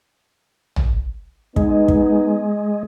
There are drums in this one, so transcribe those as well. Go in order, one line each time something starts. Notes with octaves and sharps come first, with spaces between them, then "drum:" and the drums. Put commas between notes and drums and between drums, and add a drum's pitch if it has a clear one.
drum: tom A1
G#3 B3 D#4, drum: kick
drum: kick